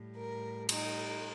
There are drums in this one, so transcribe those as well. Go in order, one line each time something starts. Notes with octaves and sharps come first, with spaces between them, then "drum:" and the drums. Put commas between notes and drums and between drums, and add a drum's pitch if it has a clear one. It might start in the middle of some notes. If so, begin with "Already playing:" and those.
Already playing: A2 G3
A#4
D#4, drum: cymbal